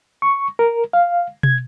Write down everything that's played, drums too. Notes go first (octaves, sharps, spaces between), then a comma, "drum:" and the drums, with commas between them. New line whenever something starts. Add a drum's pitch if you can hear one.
C#6
A#4
F5
G#6, drum: tom B2